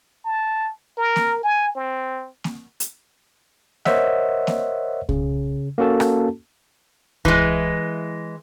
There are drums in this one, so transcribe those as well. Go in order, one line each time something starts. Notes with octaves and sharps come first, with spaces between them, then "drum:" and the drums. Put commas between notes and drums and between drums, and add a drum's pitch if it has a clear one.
A5
A#4
drum: snare A#3
G#5
C4
drum: snare A#3
drum: hi-hat
A#4 C5 C#5 D#5 E5 F#5, drum: snare A#3
drum: snare A#3
C#3, drum: kick C2
A#3 C#4 F#4 A4 A5
drum: rim click
E3 G#3, drum: kick C2